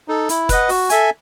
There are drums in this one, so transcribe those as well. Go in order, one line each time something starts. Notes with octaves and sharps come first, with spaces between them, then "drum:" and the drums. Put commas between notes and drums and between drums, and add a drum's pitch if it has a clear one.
D#4 A4
E4, drum: hi-hat
B4 D#5 F#5, drum: kick, hi-hat
F#4, drum: open hi-hat
A4 E5 G#5, drum: hi-hat